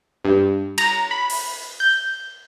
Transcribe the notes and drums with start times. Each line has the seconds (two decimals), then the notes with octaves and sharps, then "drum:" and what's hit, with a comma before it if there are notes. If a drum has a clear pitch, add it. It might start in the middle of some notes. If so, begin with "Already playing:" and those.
0.24 G2
0.78 A#5, drum: cymbal
1.11 B5
1.30 drum: open hi-hat
1.80 G6